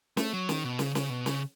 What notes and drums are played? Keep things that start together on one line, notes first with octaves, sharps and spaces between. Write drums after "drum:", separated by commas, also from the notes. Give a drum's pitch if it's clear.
A3, drum: snare
F#3
D#3, drum: snare
B2
C#3, drum: snare
C#3, drum: snare
B2
C#3, drum: snare